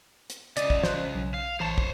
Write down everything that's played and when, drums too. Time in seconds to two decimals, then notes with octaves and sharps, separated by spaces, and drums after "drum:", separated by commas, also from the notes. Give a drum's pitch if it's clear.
0.30 drum: hi-hat
0.57 C#3 D5 D#5, drum: hi-hat
0.70 drum: kick
0.83 C5 F#6, drum: snare
1.15 B1
1.34 F5
1.60 A1 C5 C#5 A5 E7
1.78 drum: kick